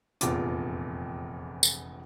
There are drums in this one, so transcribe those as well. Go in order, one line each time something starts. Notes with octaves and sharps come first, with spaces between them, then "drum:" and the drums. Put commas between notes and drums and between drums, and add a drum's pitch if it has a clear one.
F1 A#1 E2 F4 D6, drum: hi-hat
drum: tambourine